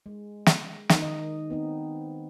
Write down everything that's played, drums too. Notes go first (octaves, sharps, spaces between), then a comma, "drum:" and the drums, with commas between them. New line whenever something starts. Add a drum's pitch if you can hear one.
G#3
drum: snare
D#3 D#4, drum: snare
D#5
B3 C4 D#4